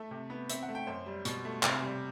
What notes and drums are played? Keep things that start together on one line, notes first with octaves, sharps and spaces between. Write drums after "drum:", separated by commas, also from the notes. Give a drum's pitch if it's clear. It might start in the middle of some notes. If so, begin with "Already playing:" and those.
Already playing: A3 E5
C3
B3
C4 E5, drum: hi-hat
F#5
A3
G5
F#2 C5
G3
B2, drum: hi-hat
A3
C3, drum: clap
G3